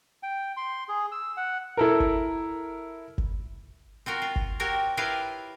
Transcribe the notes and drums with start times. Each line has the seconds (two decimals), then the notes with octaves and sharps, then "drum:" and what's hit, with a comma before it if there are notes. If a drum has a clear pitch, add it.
0.23 G5
0.57 C6
0.88 G#4
1.12 E6
1.37 F#5
1.77 E4 A4 A#4
2.00 drum: kick G1
3.18 drum: kick G1
4.06 C4 F4 F#4 A#4
4.22 F4
4.36 drum: kick G1
4.60 C4 F#4 G4 A#4 C#5
4.97 E4 F4 G4 A#4 B4 F5